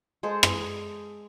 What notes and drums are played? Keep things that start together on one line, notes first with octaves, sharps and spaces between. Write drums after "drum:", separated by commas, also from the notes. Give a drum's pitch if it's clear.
G#3 G#4 A4 C5
drum: rim click